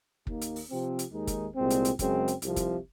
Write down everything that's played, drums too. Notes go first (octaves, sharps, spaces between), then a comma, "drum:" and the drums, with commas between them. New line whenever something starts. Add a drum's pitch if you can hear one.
D#2 D#3 A#3, drum: kick
drum: hi-hat
drum: open hi-hat
C3 F3 C4
drum: hi-hat
D#2 D#3 G#3 D#4
drum: kick, hi-hat
C2 A#2 G#3 C4
drum: hi-hat
drum: hi-hat
F#2 C#3 G#3 C4, drum: kick, hi-hat
drum: hi-hat
C2 C3 F3, drum: hi-hat
drum: kick, hi-hat